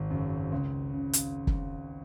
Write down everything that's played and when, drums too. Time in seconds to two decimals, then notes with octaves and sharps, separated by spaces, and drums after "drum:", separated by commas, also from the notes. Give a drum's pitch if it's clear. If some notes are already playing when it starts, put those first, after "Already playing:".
Already playing: G#1
0.10 F#2 C#3
0.52 C#2
0.93 C#3
1.13 drum: hi-hat
1.47 drum: kick